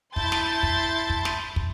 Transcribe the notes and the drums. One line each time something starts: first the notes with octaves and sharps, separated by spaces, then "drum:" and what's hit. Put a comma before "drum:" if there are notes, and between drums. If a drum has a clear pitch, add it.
E4 A5 C6 G6 A6, drum: kick
drum: snare
drum: kick
drum: kick
drum: snare
drum: kick